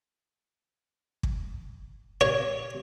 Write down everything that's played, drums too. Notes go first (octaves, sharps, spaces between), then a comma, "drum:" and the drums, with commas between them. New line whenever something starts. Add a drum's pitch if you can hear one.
drum: kick
C#5